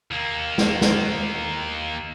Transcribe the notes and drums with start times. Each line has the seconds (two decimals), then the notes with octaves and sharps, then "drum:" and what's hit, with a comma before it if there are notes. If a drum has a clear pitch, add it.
0.11 D#2 A#3
0.58 drum: snare
0.81 drum: snare